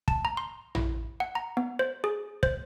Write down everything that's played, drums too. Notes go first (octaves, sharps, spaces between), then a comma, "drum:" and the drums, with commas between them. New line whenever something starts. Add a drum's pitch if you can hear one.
A5, drum: kick
A#5
C6
E4, drum: tom
F#5
A#5
B3
C5
G#4
C5, drum: kick